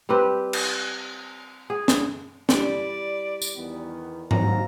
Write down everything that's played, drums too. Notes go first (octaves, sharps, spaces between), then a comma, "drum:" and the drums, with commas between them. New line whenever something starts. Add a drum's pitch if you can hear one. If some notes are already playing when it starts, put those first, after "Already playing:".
G3 C4 G4 B4
drum: cymbal
G#4
drum: snare
G3 E4 D5, drum: snare
drum: tambourine
E2 D#3 B3
A#2 D#3 F#3 C4 F4 A#5, drum: tom G#2